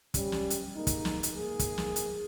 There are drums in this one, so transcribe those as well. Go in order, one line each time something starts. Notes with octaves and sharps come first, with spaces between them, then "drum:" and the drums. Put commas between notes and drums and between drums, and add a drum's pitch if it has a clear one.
G3 C#4, drum: kick, hi-hat
drum: snare
drum: hi-hat
G#3 A#3 D#4
drum: kick, hi-hat
drum: snare
drum: hi-hat
G#2 A#3 G#4
drum: kick, hi-hat
drum: snare
drum: hi-hat